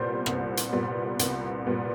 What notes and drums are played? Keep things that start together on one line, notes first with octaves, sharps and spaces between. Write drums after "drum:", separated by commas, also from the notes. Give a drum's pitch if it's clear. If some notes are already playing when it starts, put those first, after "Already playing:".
Already playing: C2 A#2 G3 B3 C5
C2, drum: rim click
drum: hi-hat
A#2 G3 B3
C2, drum: hi-hat
A#2 G3 B3